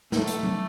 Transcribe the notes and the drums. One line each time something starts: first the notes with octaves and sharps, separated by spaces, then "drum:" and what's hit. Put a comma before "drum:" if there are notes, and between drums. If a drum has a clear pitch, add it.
A3, drum: snare
drum: hi-hat
drum: tom F#3